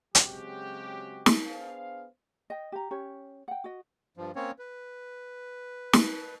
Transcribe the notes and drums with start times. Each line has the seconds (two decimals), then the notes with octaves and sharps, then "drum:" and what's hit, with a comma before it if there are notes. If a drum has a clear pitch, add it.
0.15 C#3 F#3 G#3 C4 F#4 G4, drum: hi-hat
1.26 drum: snare
1.46 B3 D4 G#4 C5 F5
2.50 D#5 G5
2.72 G4 A#5
2.91 C#4 G4 C#5
3.48 F#5 G5
3.64 F#4 D#5
4.17 G2 F3
4.36 A#3 C4 C#4 C#5
4.59 B4
5.93 drum: snare